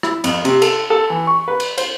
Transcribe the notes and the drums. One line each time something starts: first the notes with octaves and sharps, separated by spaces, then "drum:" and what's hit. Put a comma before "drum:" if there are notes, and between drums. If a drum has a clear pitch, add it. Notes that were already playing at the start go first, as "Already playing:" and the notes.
E4, drum: rim click
F2, drum: cymbal
C3, drum: cymbal
A4, drum: cymbal
A4
E3
C#6
B4
drum: cymbal
C5, drum: cymbal